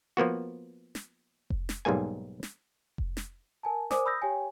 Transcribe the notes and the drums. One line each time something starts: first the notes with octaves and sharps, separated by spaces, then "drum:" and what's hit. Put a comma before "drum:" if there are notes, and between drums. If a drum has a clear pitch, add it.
F3 A#3 B3 F#4
drum: snare
drum: kick F1
drum: snare
B1 G#2 G3 A#3 G#5
drum: snare
drum: kick F1
drum: snare
A#4 G#5 A5
A#4 C5 D5 G#5 D6 D#6, drum: snare
B5 D#6 E6 G6 A#6
G4 C#5 G5 G#5